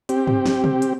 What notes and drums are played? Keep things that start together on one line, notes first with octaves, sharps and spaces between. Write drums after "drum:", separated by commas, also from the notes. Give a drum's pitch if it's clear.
C4 G4, drum: hi-hat
drum: tom
drum: snare
drum: tom
drum: hi-hat